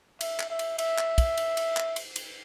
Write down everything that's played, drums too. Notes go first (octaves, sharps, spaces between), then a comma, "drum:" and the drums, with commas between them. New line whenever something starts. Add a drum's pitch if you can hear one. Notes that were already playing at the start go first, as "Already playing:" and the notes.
E5, drum: cymbal
drum: clap
E5
drum: cymbal
E5, drum: cymbal
drum: clap
drum: kick, cymbal
drum: cymbal
drum: cymbal
drum: clap
drum: cymbal
drum: cymbal